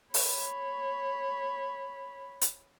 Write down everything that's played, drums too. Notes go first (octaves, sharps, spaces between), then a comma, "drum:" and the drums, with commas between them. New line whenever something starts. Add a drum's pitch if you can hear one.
C#5 B5, drum: open hi-hat
drum: hi-hat